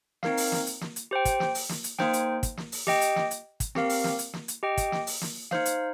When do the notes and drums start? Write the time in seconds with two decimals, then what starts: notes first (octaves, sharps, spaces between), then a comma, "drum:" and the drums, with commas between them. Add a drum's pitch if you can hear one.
0.23 C4 D#4 A#4 F5, drum: snare
0.37 drum: open hi-hat
0.52 drum: snare
0.67 drum: hi-hat
0.81 drum: snare
0.96 drum: hi-hat
1.11 G4 C5 G5
1.25 drum: kick, hi-hat
1.40 drum: snare
1.55 drum: open hi-hat
1.69 drum: snare
1.84 drum: hi-hat
1.99 A#3 D#4 C5 G5, drum: snare
2.13 drum: hi-hat
2.43 drum: kick, hi-hat
2.57 drum: snare
2.72 drum: open hi-hat
2.87 G4 D#5 G5, drum: snare
3.01 drum: hi-hat
3.16 drum: snare
3.31 drum: hi-hat
3.60 drum: kick, hi-hat
3.75 C4 G4 A#4 F5, drum: snare
3.89 drum: open hi-hat
4.04 drum: snare
4.19 drum: hi-hat
4.33 drum: snare
4.48 drum: hi-hat
4.63 G4 D#5 G5
4.77 drum: kick, hi-hat
4.92 drum: snare
5.07 drum: open hi-hat
5.22 drum: snare
5.51 D#4 C5 F5, drum: snare
5.66 drum: hi-hat